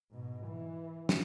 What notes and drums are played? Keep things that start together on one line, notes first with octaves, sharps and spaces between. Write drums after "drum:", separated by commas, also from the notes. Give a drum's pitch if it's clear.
G#2 B2
E3
drum: snare